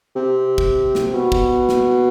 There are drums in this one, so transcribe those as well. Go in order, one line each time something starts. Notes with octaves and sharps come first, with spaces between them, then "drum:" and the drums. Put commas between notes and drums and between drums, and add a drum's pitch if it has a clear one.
C3
drum: kick
drum: snare
B2
drum: kick
drum: snare